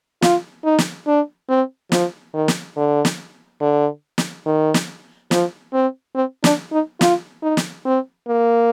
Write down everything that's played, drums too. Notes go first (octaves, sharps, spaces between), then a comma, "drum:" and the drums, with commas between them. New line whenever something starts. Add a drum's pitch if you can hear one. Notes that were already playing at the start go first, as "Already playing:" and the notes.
F4, drum: snare
D#4
drum: snare
D4
C4
F3, drum: snare
D#3
drum: snare
D3
drum: snare
D3
drum: snare
D#3
drum: snare
F3, drum: snare
C4
C4
D4, drum: snare
D#4
F4, drum: snare
D#4
drum: snare
C4
A#3